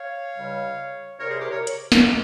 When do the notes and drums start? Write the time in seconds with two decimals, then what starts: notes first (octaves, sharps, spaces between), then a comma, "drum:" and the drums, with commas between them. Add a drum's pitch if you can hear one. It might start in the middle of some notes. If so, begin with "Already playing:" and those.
Already playing: C#5 F5
0.35 C#2 C#3 G3
1.18 C2 C3 G3 A#4 C#5
1.29 G#4 C5
1.39 G4 A#4
1.50 A#4 C#5
1.67 drum: hi-hat
1.92 drum: snare
2.03 E3 G#3